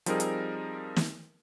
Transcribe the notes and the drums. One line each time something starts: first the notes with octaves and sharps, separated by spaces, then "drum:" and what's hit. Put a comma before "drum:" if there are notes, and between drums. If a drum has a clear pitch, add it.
F3 G3 C4 D#4 G#4 A#4, drum: hi-hat
drum: hi-hat
drum: snare